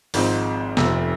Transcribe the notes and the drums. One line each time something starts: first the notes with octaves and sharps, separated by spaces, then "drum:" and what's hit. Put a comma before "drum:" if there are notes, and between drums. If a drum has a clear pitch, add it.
G#1 G#2 F3 C4 D#4, drum: open hi-hat
F1 F2 C3, drum: snare